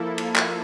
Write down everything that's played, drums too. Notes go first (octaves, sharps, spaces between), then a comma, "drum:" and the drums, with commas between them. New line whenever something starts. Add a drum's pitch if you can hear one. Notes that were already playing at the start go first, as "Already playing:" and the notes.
Already playing: F3 A#3 E4 A4
drum: cymbal
drum: clap